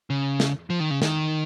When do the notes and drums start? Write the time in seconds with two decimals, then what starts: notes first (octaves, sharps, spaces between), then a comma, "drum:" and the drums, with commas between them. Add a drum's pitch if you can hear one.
0.10 C#3
0.40 drum: snare
0.70 F3
0.80 D#3
0.91 C#3
1.02 D#3, drum: snare